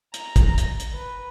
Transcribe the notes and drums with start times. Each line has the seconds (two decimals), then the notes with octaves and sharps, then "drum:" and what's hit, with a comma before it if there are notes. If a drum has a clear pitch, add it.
0.14 A#5, drum: hi-hat
0.36 drum: kick, hi-hat
0.58 drum: hi-hat
0.80 drum: hi-hat
0.94 B4